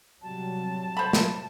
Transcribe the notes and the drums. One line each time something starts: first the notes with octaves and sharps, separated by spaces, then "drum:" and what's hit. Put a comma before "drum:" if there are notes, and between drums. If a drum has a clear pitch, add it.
C3 F#3 G3 A5
C5 B5
drum: snare